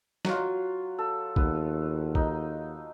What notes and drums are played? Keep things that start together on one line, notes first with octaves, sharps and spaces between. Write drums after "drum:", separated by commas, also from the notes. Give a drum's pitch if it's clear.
F#3 F4, drum: snare
A4
D#2 B3, drum: kick
D#4, drum: kick